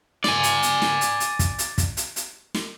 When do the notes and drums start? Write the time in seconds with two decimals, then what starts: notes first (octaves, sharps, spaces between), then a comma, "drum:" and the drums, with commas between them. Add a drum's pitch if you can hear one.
0.24 D5 G#5, drum: snare
0.43 drum: hi-hat
0.63 drum: hi-hat
0.82 drum: snare
1.01 drum: hi-hat
1.20 drum: hi-hat
1.39 drum: kick, hi-hat
1.58 drum: hi-hat
1.78 drum: kick, hi-hat
1.97 drum: hi-hat
2.16 drum: hi-hat
2.54 drum: snare